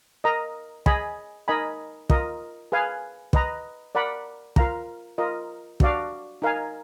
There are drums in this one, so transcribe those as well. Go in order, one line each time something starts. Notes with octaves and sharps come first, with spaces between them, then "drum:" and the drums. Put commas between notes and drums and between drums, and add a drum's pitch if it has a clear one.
A#4 D#5 A#5
G#4 D#5 G#5 B5, drum: kick
D#4 A#4 D#5 G#5 B5
F4 A#4 D#5, drum: kick
G#4 B4 F5 G#5
B4 D#5 A#5, drum: kick
A#4 D5 F#5 B5
F4 A#4 F5 A#5, drum: kick
F4 A#4 D#5
D4 F#4 D5 F5, drum: kick
D#4 A#4 F5 G#5